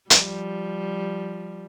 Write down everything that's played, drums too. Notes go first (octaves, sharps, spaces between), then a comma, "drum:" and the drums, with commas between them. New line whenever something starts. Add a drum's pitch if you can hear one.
F3 G3, drum: hi-hat